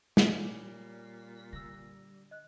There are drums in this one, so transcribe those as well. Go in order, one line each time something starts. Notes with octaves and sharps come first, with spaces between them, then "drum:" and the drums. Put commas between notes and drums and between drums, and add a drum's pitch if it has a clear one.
A#2 G3 C#5 G#5, drum: snare
D3 E6 A#6
D#5 F#6